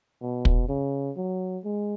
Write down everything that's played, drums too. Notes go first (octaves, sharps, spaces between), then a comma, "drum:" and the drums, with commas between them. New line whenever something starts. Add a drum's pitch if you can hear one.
B2
drum: kick
C#3
F#3
G#3